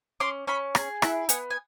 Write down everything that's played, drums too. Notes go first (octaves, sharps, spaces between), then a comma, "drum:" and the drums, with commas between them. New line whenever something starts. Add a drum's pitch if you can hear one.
C#4 C6 D6
C#4 B5 C#6
G#4, drum: rim click
E4 E5 F#5, drum: rim click
B3 F#5 G#5, drum: hi-hat
G#5